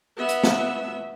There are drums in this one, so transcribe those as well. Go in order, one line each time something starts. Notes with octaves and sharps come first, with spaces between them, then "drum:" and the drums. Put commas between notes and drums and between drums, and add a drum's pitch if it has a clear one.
B3 E5
drum: hi-hat
drum: snare